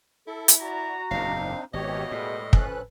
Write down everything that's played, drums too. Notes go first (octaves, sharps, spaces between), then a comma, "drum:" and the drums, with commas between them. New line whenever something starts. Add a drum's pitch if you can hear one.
E4 A4
drum: hi-hat
F#4 D5 A#5
F#1 E2 A#2 C4 D4 D#4 F5
G#1 E2 B2 G4 C#5 D#5
A2 G3 G#3
F3 C#4 A4 B4 F#6, drum: kick